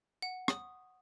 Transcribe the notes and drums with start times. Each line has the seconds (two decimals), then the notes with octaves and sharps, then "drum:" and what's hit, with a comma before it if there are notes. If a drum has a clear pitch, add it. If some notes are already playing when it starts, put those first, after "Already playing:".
0.22 F#5
0.48 D#6, drum: rim click